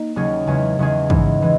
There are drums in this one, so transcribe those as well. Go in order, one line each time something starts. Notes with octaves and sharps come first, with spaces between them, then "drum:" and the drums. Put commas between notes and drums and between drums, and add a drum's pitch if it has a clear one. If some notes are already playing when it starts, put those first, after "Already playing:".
Already playing: A#3 D#4
D#2 C#3 F#3 C#4 G#4
E2 C#3 G#3 C#4 G#4
E2 C#3 G#3 C#4 G#4
G#2 E3 G#3, drum: kick
E3 G#3